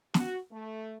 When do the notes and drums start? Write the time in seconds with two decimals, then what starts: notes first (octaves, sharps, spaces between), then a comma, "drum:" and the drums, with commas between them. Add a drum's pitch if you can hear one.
0.14 F#4, drum: snare
0.50 A3